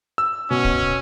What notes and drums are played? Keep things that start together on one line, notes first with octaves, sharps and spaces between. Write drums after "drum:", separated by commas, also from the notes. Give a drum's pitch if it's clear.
E6
B2 C#4
drum: kick